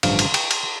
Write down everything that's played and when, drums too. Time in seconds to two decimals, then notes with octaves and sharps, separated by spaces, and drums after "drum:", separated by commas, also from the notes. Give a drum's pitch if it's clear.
0.03 A1 G2 D3 F3 F5, drum: cymbal
0.19 drum: cymbal
0.34 G5, drum: cymbal
0.51 drum: cymbal